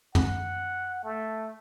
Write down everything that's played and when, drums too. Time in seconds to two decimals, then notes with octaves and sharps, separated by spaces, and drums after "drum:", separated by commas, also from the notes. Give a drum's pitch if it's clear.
0.15 F#5, drum: tom
1.04 A3